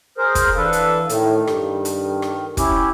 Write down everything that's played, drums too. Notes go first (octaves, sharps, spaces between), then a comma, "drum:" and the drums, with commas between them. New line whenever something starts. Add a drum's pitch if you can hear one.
G#4 A#4 C5
drum: kick, hi-hat
E3 D4 A4 B4 F5
drum: hi-hat
A2 D#3, drum: hi-hat
G2 A4, drum: rim click
drum: hi-hat
drum: rim click
C#4 E4 G4, drum: kick, hi-hat